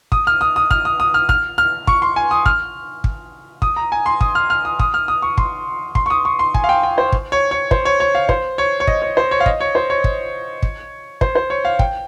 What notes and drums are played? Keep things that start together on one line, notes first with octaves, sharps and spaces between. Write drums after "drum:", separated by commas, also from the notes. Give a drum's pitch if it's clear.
D#6, drum: kick
F6
D#6
D#6
F6, drum: kick
D#6
D#6
F6
F6, drum: kick
F6
C#6, drum: kick
C6
G#5
D#6
F6, drum: kick
drum: kick
D#6, drum: kick
A#5
G#5
C6
D#6, drum: kick
F6
F6
D#6
D#6, drum: kick
F6
D#6
C#6
C6, drum: kick
C6, drum: kick
C#6
D#6
C#6
C6
G#5, drum: kick
F5
G5
G5
C5
drum: kick
C#5
C#5
C5, drum: kick
C#5
C#5
F5
C5, drum: kick
C#5
C#5
D#5, drum: kick
C#5
C5
C#5
F5
D#5, drum: kick
C#5
C5
C#5
drum: kick
drum: kick
C5, drum: kick
C5
C#5
F5
G5, drum: kick